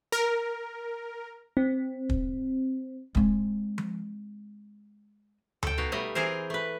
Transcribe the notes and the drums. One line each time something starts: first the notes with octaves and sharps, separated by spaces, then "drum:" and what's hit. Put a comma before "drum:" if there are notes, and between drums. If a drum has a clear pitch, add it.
A#4
C4
drum: kick
G#3 C4, drum: kick
drum: tom F3
A4 G5, drum: tom D2
B2 D#4 F#4 F5
G3 A3 D#5
E3 C4 G#4 A#4 C5
A3 B4